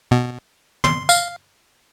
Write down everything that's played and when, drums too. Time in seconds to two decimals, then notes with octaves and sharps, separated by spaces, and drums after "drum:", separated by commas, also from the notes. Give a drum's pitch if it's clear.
0.11 B2
0.84 C6, drum: tom
1.09 F5, drum: tambourine